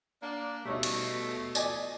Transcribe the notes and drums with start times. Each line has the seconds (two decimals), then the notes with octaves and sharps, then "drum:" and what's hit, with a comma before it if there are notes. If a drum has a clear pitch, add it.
0.22 A#3 D4
0.65 B2 G3 A3 C#4 D#4
0.83 drum: cymbal
1.55 D5 D#5 G#5, drum: tambourine